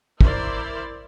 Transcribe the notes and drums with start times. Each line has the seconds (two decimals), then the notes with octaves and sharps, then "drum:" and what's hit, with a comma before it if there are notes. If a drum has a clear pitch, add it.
0.21 E4 A#4 C5 D5, drum: kick